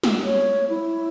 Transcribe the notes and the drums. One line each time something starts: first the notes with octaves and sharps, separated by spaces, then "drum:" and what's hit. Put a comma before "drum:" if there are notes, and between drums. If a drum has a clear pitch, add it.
drum: snare
C#5
E4